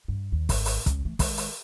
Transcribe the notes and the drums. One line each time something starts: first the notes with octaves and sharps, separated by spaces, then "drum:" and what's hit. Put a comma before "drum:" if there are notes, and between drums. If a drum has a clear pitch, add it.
G2
D#2
G#1, drum: kick, open hi-hat
drum: open hi-hat
C#2, drum: kick, hi-hat
E3 A3
D#3 G#3, drum: kick, open hi-hat
drum: open hi-hat